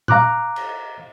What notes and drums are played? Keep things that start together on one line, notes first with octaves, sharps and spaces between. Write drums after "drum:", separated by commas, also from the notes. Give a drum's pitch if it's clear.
F5 A#5 D6 F#6, drum: tom A#2
drum: cymbal